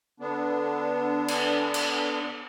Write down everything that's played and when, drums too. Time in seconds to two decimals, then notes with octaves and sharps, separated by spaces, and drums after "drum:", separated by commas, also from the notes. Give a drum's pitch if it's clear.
0.20 D3 B3 D4
1.28 drum: cymbal
1.74 drum: cymbal